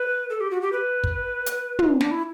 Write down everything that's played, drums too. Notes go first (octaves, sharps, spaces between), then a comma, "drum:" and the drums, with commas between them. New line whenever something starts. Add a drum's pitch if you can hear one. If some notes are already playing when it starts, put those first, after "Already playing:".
Already playing: B4
A4
G4
F#4
G4
B4
drum: kick
drum: hi-hat
drum: tom
D4, drum: snare
E4